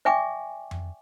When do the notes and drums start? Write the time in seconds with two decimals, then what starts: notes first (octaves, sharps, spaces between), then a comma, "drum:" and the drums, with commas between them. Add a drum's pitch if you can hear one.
0.05 D5 E5 G5 G#5 C#6 D6
0.71 drum: tom F2